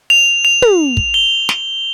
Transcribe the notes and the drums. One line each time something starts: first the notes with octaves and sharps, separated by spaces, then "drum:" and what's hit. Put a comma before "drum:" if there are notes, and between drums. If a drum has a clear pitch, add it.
F7
F7
drum: tom
drum: kick
G7
drum: snare